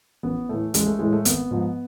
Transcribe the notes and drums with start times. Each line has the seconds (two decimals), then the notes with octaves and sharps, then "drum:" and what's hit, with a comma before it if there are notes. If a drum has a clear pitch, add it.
0.23 A1 B3
0.49 A2 E3 A3
0.74 A1 G#3, drum: hi-hat
0.86 A3
0.99 A2 E3 G#3
1.12 A3
1.25 G#1 B3, drum: hi-hat
1.51 G#2 F3